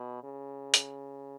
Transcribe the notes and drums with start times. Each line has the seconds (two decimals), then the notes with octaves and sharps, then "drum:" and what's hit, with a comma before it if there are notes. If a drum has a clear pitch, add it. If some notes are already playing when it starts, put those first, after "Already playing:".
Already playing: B2
0.23 C#3
0.74 drum: hi-hat